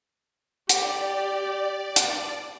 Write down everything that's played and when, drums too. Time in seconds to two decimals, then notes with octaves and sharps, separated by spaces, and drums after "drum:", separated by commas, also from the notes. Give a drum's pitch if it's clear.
0.69 G4 D5, drum: hi-hat
1.96 drum: hi-hat